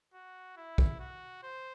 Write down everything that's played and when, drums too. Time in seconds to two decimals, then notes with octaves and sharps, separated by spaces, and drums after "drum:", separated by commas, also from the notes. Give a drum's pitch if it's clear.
0.14 F#4
0.57 E4
0.78 drum: kick
0.99 F#4
1.43 C5